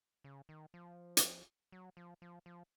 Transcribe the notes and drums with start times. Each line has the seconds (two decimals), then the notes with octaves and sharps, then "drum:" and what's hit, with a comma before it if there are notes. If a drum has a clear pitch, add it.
0.24 C#3
0.49 D#3
0.74 F3
1.17 drum: hi-hat
1.72 F#3
1.97 F3
2.22 F3
2.46 F3